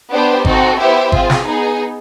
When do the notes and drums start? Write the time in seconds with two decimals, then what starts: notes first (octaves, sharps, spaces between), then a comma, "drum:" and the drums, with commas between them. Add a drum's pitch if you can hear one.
0.11 B3 D4 G4 C5
0.45 C4 D#4 F#4 A4, drum: kick G#1
0.78 B3 E4 G4 C5 E5
1.12 C4 F4 G#4, drum: kick G#1
1.30 drum: snare
1.46 B3 D#4 G#4